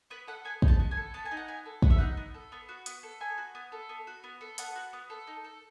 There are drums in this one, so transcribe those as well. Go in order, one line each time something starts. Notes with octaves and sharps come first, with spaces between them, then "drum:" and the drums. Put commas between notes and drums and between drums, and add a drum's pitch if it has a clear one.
B3 B4
A4 F#5
B3 G#5
D#4, drum: kick
A5
B3
G#5
A4
B3 A5
G#5
D#4
F#5
B3 G#5
A4
B3 F#5, drum: kick
E5
D#4 F#5
B3
A4
B3
F#4
B3, drum: hi-hat
A4
B3 G#5
F#4
B3
A4
B3
F#4
B3
A4
B3 F#5, drum: hi-hat
F#4
B3
A4
D#4
A4